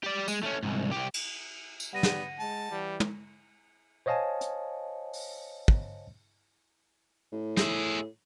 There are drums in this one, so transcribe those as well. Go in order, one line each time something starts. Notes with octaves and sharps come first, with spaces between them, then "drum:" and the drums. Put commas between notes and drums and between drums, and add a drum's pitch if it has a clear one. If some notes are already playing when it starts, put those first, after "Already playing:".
G4 D5
G#3, drum: tambourine
A3 C#4
C2 G#2
C2 G4
drum: cymbal
drum: tambourine
G3 B3 F#5 A#6 D#7
drum: snare
G#3 A5
E3 G3
drum: tom
C5 C#5 D#5 F5 G#5 A5
drum: hi-hat
drum: open hi-hat
drum: kick
A2
G#4 E5, drum: snare